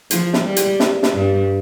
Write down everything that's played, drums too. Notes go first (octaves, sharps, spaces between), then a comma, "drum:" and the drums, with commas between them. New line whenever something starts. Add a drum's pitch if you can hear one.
F3, drum: hi-hat
drum: snare
G3
drum: hi-hat
drum: snare
drum: snare
G2